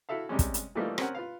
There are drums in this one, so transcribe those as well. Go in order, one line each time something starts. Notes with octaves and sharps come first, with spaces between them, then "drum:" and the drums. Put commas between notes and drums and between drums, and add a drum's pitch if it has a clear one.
E4 F#4 A4 E5 F5
C3 G3 G#3 C#4
drum: kick, hi-hat
drum: hi-hat
E3 F3 G3 A3 A#3 D#4
C4 C#4 A#4 F#5, drum: rim click
F4 B4 F5